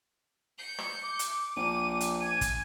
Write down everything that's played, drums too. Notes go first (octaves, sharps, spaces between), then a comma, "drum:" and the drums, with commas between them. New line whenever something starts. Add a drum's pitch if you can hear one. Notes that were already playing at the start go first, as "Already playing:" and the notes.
G6 C#7
drum: rim click
D6
drum: hi-hat
A#1 D#7
drum: hi-hat
G#5 D#7
drum: kick, hi-hat